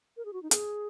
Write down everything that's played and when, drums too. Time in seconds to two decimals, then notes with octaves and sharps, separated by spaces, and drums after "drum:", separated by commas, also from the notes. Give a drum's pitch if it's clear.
0.17 A#4
0.25 G#4
0.33 F#4
0.43 D#4
0.51 G#4, drum: hi-hat